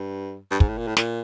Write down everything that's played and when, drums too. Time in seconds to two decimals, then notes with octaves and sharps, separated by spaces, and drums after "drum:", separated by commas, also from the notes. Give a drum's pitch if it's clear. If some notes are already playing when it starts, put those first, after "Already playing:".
Already playing: G2
0.51 G2
0.60 G#2, drum: kick
0.69 A2
0.78 A#2
0.87 A2
0.97 A#2, drum: snare